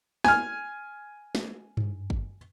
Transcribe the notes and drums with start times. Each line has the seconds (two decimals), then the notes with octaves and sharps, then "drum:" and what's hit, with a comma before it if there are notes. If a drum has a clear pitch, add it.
0.24 G#5 F6, drum: snare
1.35 drum: snare
1.77 drum: tom G2
2.10 drum: kick